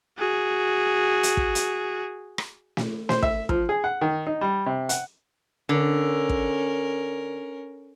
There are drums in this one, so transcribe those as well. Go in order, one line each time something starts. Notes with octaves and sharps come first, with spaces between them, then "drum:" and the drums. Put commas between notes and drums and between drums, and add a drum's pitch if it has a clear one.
F#4 G#4
drum: hi-hat
drum: kick
drum: hi-hat
drum: rim click
drum: snare
C5, drum: snare
E5, drum: kick
F3, drum: kick
G#4
F#5
D#3
D#4
G3
C3
F#5, drum: hi-hat
D3 C#4 A#4
drum: kick